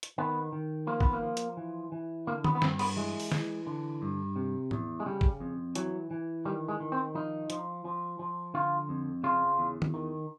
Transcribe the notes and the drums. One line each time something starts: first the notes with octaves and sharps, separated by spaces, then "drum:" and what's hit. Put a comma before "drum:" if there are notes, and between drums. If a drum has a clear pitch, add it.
drum: hi-hat
D#3 B3
D#3
F3 A#3
B3, drum: kick
A#3
F3
drum: hi-hat
E3
E3
D3 A#3
B3, drum: tom D#3
B3
G2 C4, drum: snare
B3, drum: cymbal
E3 G#3
drum: open hi-hat
E3, drum: snare
D3
G2
C3
E2, drum: tom A2
G#3
C#3 G3
drum: kick
F2
E3 F#3, drum: hi-hat
E3
D#3 G3
G#3
D#3
C4
F3 D#4
F3, drum: hi-hat
F3
F3
D3 F4
F2
C#3 F4
E2
drum: tom D#3
D#3